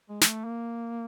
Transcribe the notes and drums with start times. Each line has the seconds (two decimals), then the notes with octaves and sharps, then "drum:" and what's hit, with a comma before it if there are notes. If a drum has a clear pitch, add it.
0.09 G#3
0.21 G#3, drum: snare
0.27 A3
0.45 A#3